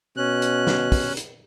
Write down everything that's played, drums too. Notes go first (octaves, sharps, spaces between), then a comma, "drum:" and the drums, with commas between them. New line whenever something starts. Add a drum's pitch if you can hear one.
B2 C#4 F#6
drum: hi-hat
drum: snare
drum: kick, open hi-hat
drum: hi-hat